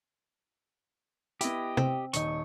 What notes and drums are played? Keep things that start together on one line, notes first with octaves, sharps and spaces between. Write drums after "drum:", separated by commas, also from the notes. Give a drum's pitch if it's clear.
B3 E4 G4 D#5, drum: hi-hat
C4, drum: tom C3
D#1 D#4 C#6, drum: hi-hat